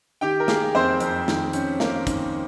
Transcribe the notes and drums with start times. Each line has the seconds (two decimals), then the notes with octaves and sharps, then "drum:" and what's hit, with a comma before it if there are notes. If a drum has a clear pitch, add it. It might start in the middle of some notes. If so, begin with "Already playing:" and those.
0.21 D#3 G4 G5
0.40 A#4
0.48 A#3 G#4, drum: snare
0.75 F2 C4 C5
1.00 F2, drum: hi-hat
1.28 D#3, drum: snare
1.53 C#4, drum: hi-hat
1.80 A#3, drum: snare
2.07 D#3, drum: kick, hi-hat